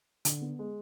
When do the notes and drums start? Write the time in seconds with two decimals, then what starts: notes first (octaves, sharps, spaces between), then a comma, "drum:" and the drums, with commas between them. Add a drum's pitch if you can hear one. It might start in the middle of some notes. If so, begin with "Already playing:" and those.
0.25 D3, drum: hi-hat
0.42 B3
0.59 G#3